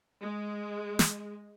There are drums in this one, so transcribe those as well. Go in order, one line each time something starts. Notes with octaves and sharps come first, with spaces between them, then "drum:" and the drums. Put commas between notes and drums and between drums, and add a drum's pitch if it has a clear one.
G#3
drum: snare